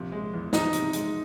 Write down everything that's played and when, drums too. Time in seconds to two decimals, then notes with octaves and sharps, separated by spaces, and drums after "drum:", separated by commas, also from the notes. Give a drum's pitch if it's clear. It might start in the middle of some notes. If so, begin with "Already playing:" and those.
Already playing: A#1 C3
0.12 G#3
0.34 E2
0.53 F3 D#4, drum: snare
0.73 C3, drum: hi-hat
0.93 G#3, drum: hi-hat